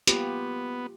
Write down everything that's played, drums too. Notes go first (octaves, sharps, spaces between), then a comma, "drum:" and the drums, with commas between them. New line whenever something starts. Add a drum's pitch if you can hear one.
A#3 B3 F4 G4, drum: hi-hat